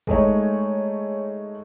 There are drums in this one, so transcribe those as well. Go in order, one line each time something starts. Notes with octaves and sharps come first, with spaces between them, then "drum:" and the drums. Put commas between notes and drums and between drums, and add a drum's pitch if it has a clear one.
G#3 A3 D#4 C#5, drum: kick